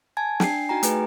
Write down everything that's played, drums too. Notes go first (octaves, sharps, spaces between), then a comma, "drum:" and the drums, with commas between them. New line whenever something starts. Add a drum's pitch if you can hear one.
G#5 A5 G#6
D4 G5 C7, drum: snare
G#5
D#4 F#4 G5 G#5 A#5
A3 G#4 B4, drum: hi-hat